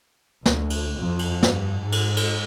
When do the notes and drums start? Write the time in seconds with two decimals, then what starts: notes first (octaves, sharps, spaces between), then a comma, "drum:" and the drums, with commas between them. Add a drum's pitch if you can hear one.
0.46 D2, drum: snare
0.70 drum: cymbal
0.99 F2
1.19 drum: cymbal
1.43 G2, drum: snare
1.81 G#2
1.92 drum: cymbal
2.17 drum: cymbal